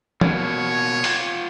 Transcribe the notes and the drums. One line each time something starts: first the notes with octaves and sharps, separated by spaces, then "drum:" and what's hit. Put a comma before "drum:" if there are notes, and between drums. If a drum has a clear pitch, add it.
B2 A#3 C#5, drum: tom E3
F4 G4, drum: open hi-hat